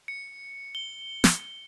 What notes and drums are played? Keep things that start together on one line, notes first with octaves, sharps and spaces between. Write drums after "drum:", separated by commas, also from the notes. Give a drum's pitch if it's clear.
C#7
G7
drum: snare